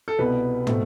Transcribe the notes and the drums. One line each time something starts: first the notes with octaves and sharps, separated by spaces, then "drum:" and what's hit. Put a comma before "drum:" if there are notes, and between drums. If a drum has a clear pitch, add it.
A4
C2 B2 B3 B4
B2 A3 C4, drum: tom